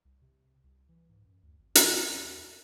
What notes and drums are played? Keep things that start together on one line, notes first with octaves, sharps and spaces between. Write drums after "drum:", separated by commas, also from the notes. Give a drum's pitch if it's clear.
C2
C3
C2
E3
G#2
F#2
D2
G#1
B1, drum: hi-hat
A2
E2
F2